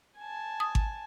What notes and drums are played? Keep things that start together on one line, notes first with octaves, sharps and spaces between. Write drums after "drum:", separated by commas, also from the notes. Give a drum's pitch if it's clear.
G#5 A5
D#6
drum: kick G#1